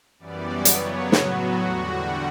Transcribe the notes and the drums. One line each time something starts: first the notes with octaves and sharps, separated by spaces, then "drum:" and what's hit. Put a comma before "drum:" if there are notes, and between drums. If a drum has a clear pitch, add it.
F#2 E3 G3 B3 D5
C#3 F#3 B3 C#5, drum: hi-hat
A2 F#3 B3 F#4, drum: snare
E2 D3 G3